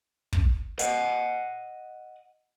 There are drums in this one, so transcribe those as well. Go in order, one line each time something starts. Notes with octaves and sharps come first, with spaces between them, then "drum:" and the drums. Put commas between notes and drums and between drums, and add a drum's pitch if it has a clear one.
drum: kick
D#5 F#5, drum: hi-hat